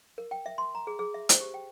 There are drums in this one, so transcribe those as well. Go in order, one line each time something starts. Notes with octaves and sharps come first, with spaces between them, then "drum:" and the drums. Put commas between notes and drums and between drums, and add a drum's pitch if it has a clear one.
A#4
G5
E5
C6
A#5
G#4
G#4
E5
C5, drum: hi-hat
G4
G5